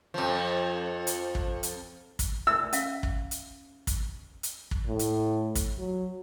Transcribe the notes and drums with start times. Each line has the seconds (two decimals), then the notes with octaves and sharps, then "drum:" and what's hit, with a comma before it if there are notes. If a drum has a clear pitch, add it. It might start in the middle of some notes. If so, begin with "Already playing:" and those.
0.14 F2 F3
1.07 drum: hi-hat
1.35 drum: kick
1.63 drum: hi-hat
2.19 drum: kick, hi-hat
2.47 E5 E6
2.73 C#4 E5 F5, drum: hi-hat
3.03 drum: kick
3.31 drum: hi-hat
3.87 drum: kick, hi-hat
4.43 drum: hi-hat
4.71 drum: kick
4.87 A2
4.99 drum: hi-hat
5.55 drum: kick, hi-hat
5.78 F#3